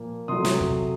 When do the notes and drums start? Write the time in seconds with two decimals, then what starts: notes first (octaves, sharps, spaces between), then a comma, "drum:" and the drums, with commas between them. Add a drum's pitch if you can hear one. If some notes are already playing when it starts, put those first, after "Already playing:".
Already playing: A#2 F3 A#3
0.28 C3 F#3 A3 C6 D#6
0.45 drum: snare
0.60 drum: kick